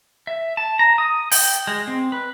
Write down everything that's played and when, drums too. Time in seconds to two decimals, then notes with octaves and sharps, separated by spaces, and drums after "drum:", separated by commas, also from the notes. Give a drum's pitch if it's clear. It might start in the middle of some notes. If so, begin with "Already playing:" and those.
0.27 E5
0.57 A5
0.79 A#5
0.98 D#6
1.32 G5, drum: open hi-hat
1.67 G#3
1.88 C4
2.12 B4